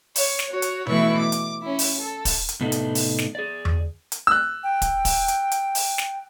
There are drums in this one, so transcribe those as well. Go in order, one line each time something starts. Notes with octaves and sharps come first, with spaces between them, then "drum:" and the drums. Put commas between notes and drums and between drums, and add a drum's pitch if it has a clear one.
C#5, drum: open hi-hat
drum: snare
F#4 C#5
drum: hi-hat
B2 E3 A3 E4 B4 C#6, drum: tom B2
D6
drum: hi-hat
C#4 E4
drum: open hi-hat
A4
drum: kick, open hi-hat
drum: hi-hat
A2 C3 B3 D4 D#4 A4
drum: hi-hat
drum: open hi-hat
drum: snare
G#4 D5
drum: tom E2
drum: hi-hat
E6 F#6
G5
drum: kick, hi-hat
drum: kick, open hi-hat
drum: hi-hat
drum: hi-hat
drum: open hi-hat
drum: snare